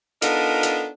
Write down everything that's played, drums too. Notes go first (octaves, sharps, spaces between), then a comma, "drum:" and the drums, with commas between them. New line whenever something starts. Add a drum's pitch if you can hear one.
B3 D4 D#4 F4 A4 A#4, drum: hi-hat
drum: hi-hat